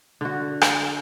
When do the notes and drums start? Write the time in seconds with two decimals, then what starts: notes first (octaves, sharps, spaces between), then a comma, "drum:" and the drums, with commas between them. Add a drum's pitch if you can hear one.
0.21 D3 F#4
0.61 drum: rim click